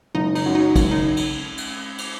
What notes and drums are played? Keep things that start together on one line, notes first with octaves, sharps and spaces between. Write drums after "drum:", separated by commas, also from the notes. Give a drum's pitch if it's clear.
F#1 D#4
D#4, drum: cymbal
F#2 F#3
D#4
F#1, drum: kick, cymbal
D#4
drum: cymbal
drum: cymbal
drum: cymbal